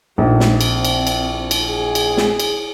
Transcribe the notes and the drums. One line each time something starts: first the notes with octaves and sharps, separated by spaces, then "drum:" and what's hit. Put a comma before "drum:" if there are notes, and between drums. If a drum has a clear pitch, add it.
A#1 A3 D#4
drum: snare
C4, drum: cymbal
drum: cymbal
drum: cymbal
drum: cymbal
G#4
drum: cymbal
drum: snare
drum: cymbal